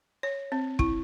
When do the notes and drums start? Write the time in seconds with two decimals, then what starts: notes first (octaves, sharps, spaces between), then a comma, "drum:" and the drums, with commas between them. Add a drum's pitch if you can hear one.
0.23 C#5
0.52 C4
0.79 E4, drum: kick